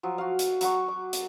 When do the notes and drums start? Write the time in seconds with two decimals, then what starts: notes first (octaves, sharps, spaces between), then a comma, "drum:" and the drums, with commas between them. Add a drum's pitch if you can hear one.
0.03 F3 F#3
0.18 F#4 F5
0.39 drum: hi-hat
0.61 F#3 F#4 C#6, drum: hi-hat
0.88 D6
1.13 drum: hi-hat